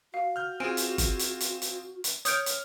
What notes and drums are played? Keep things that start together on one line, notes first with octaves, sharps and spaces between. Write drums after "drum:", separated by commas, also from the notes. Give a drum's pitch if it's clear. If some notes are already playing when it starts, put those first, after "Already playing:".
F#4 F5
F6 G6
C4 F4 G#4 G#5 D7
drum: hi-hat
drum: kick G1, hi-hat
drum: hi-hat
drum: hi-hat
drum: hi-hat
drum: hi-hat
C#5 D#6 F6 G6 D7, drum: hi-hat
drum: hi-hat